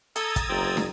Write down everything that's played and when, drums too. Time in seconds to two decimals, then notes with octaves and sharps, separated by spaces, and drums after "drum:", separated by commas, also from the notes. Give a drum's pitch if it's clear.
0.16 A4 A#5 D#6 E6 G#6 A6, drum: hi-hat
0.36 drum: kick, hi-hat
0.49 F#1 C4
0.77 drum: snare